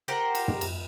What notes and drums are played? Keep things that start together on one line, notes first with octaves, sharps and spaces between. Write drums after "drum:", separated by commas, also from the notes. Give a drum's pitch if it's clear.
G4 A#4 C5 F#5
drum: cymbal
drum: tom
drum: cymbal